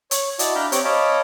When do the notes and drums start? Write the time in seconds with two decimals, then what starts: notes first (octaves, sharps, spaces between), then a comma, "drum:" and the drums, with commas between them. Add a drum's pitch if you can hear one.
0.11 C#5, drum: hi-hat
0.39 E4 F#4 D5 D#5 A5, drum: hi-hat
0.55 D4 F5 G5 A#5 B5 G6
0.72 C4 G4 C#5 D6 G6, drum: hi-hat
0.85 C#5 D#5 F5 A5 B5 D6